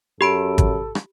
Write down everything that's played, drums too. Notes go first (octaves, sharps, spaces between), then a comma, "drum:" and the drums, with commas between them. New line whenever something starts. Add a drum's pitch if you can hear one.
F#2 G4 A4 B5 D7
drum: kick G#1, hi-hat
drum: rim click